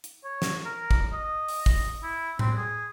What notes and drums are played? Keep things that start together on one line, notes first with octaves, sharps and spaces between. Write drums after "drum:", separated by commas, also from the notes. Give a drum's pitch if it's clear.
drum: hi-hat
C#5
drum: snare
A#4
drum: kick
D#5
drum: open hi-hat
drum: kick
E4
C4, drum: tom A2
G#4